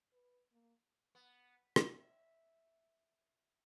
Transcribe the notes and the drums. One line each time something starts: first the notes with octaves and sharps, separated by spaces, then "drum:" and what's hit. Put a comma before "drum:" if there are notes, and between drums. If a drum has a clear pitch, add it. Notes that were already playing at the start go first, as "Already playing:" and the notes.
B4
A#3
B3
E5, drum: rim click